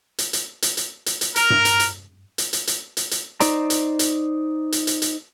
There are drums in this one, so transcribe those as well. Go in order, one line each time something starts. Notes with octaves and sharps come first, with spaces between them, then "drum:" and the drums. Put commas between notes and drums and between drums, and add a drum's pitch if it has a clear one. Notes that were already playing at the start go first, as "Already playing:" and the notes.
drum: hi-hat
drum: hi-hat
drum: hi-hat
drum: hi-hat
drum: hi-hat
drum: hi-hat
A#4, drum: hi-hat
drum: tom G2
drum: hi-hat
drum: hi-hat
drum: hi-hat
drum: hi-hat
drum: hi-hat
drum: hi-hat
drum: hi-hat
D#4 C5 D5 A#5, drum: hi-hat
drum: hi-hat
drum: hi-hat
drum: hi-hat
drum: hi-hat
drum: hi-hat